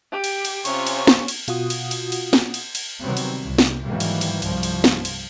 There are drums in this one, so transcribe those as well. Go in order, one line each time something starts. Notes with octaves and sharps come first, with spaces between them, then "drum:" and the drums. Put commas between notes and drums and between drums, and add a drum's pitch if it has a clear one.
G4
drum: cymbal
drum: cymbal
C3 C#4 F4 C#6, drum: cymbal
drum: cymbal
drum: snare
drum: cymbal
B2 F4 F#4 F#5 D#6, drum: cymbal
drum: cymbal
drum: cymbal
drum: cymbal
drum: snare
drum: cymbal
drum: cymbal
C3 D#3 F#3 G3 B3 C4
drum: cymbal
C2
drum: snare
G#2 D#3 E3 F#3 G3 A#3
drum: cymbal
drum: cymbal
C2 G2 F3, drum: cymbal
drum: cymbal
drum: snare
drum: cymbal